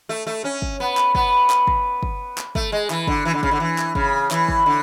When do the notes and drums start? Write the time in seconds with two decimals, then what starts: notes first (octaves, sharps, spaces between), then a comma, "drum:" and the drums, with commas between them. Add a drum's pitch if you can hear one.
0.09 A3
0.27 A3
0.44 C#4
0.62 drum: kick
0.80 B3
0.97 drum: clap
1.15 B3, drum: kick
1.50 drum: clap
1.67 drum: kick
2.03 drum: kick
2.38 drum: clap
2.55 A3, drum: kick
2.72 G#3
2.90 E3, drum: clap
3.07 D3, drum: kick
3.25 E3
3.33 D3
3.43 C#3, drum: kick
3.51 D3
3.60 E3
3.78 drum: clap
3.95 C#3, drum: kick
4.31 E3, drum: clap
4.49 drum: kick
4.66 D3